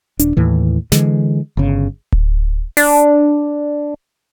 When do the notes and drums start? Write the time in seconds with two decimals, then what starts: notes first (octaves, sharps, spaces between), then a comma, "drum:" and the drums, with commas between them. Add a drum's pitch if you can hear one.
0.19 D#1 D4, drum: hi-hat
0.37 D#2 A2 E3
0.92 D3 E3 G#3, drum: snare
1.57 G1 C#3
2.12 drum: kick D1
2.77 D4, drum: open hi-hat